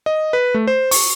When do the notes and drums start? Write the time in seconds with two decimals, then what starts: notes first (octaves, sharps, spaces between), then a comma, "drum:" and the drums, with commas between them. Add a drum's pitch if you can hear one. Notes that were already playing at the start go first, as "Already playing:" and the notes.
0.06 D#5
0.33 B4
0.54 A3
0.67 C5
0.91 C#6, drum: open hi-hat